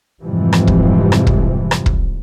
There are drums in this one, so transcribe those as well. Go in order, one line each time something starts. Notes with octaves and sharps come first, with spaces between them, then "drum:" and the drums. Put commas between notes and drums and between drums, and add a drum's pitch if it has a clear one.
F2 G#2 C3 E3 F3 G3
drum: rim click
drum: kick
drum: rim click
drum: kick
drum: rim click
drum: kick